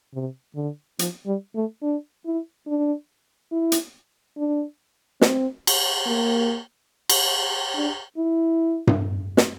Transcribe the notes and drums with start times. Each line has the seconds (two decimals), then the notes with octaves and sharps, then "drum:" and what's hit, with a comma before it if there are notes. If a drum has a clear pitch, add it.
0.14 C3
0.56 D3
0.99 F3, drum: hi-hat
1.26 G3
1.56 A3
1.83 D4
2.26 E4
2.67 D4
3.52 E4
3.72 drum: hi-hat
4.37 D4
5.21 C4, drum: snare
5.67 drum: cymbal
6.07 A#3
7.09 drum: cymbal
7.75 D4
8.18 E4
8.87 drum: tom G2
9.37 drum: snare